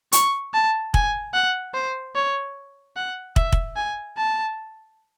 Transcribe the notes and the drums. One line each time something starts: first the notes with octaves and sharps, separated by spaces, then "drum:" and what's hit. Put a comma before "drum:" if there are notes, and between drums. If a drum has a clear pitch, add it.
C#6, drum: hi-hat
A5
G#5, drum: kick
F#5
C5
C#5
F#5
E5, drum: kick
drum: kick
G#5
A5